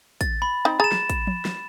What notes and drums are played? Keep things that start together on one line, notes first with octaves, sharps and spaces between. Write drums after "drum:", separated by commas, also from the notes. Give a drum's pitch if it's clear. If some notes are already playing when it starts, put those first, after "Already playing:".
A6, drum: kick, hi-hat
B5
C4 D#4
G#4 A#5 A6 E7
drum: snare
drum: kick, hi-hat
drum: tom F3
drum: snare